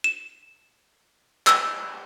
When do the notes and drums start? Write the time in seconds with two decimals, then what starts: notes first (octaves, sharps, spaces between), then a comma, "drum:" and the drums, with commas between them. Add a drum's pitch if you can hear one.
0.04 E7
1.47 E6, drum: clap